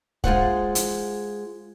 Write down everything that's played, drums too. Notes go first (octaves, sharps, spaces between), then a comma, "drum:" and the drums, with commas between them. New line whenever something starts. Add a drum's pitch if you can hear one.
G#3 F4 C5 F#5, drum: kick
drum: hi-hat